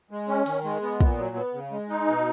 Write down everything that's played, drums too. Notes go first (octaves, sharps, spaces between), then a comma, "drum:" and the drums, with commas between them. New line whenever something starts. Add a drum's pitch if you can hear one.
G#3
C#4
D#3, drum: open hi-hat
G#3
B3
A#2, drum: kick
F#3
B3
C#3
G#3
D#4
B2